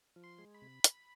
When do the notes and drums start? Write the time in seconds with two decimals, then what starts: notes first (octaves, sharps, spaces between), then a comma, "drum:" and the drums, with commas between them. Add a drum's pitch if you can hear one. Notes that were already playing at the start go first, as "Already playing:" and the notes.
0.16 F3
0.24 C6
0.38 G#3
0.54 B5
0.62 C3
0.84 drum: hi-hat